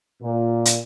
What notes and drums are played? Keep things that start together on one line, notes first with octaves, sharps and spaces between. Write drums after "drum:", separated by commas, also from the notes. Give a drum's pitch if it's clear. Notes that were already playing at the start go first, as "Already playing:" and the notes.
A#2
drum: hi-hat